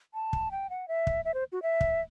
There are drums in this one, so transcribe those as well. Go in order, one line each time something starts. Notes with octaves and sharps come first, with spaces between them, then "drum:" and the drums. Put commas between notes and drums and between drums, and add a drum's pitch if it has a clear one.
A5
drum: kick
G5
F#5
E5
drum: kick
E5
C5
F#4
E5
drum: kick